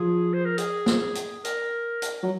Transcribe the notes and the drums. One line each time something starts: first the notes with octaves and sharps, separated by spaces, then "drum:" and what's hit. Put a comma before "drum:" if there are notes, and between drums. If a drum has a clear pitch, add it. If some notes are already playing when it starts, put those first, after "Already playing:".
Already playing: F3 G#4
C5
A#4
G#4, drum: hi-hat
drum: snare
drum: hi-hat
A#4, drum: hi-hat
drum: hi-hat
F#3